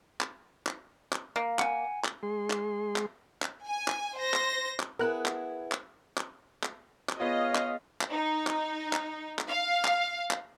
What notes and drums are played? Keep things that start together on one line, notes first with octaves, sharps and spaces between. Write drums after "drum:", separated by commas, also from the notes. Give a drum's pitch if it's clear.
drum: clap
drum: clap
drum: clap
A#3
F#5 G#5, drum: clap
drum: clap
G#3 G#4 C6
drum: clap
drum: clap
drum: clap
G#5
drum: clap
C5 A#6
drum: clap
drum: clap
B3 E4 G#4 A#4 F#6
drum: clap
drum: clap
drum: clap
drum: clap
drum: clap
B3 F4 G#4 C#5 D#5 F5
drum: clap
drum: clap
D#4
drum: clap
drum: clap
drum: clap
F5
drum: clap
drum: clap